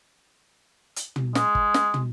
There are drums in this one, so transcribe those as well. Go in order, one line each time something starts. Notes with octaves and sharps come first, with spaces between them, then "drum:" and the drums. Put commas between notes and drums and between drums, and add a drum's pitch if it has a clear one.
drum: hi-hat
drum: tom
G#3, drum: snare
drum: kick
drum: snare
drum: tom